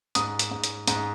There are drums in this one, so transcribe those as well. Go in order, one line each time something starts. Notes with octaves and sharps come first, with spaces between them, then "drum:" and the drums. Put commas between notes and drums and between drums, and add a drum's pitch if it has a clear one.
G#2 D#6, drum: hi-hat
drum: hi-hat
G#2
drum: hi-hat
G#2, drum: hi-hat